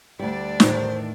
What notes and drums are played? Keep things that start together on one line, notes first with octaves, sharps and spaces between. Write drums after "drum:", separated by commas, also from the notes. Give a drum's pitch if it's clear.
D2 G3 D4 D5
E2 A2 D#3 C5, drum: snare